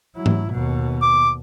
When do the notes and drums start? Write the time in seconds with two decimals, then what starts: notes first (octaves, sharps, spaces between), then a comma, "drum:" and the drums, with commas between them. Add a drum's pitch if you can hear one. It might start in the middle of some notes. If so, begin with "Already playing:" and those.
0.16 F#3 E4
0.26 drum: tom
0.51 D#2 B2
1.02 D6